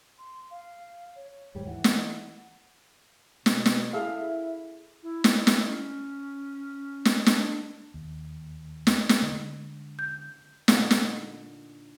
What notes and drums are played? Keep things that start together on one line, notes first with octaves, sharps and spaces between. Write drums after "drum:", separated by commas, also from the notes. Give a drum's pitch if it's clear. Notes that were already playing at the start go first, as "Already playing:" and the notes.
C6
F5
C#5
D#2 G#2 G3
E3 F#5
drum: snare
B2, drum: snare
drum: snare
E4 G#4 A4 E5 F5
E4
drum: snare
drum: snare
C#4
drum: snare
D4, drum: snare
D#2
drum: snare
drum: snare
D3 G#3
G6
A#2 D3 D#4, drum: snare
drum: snare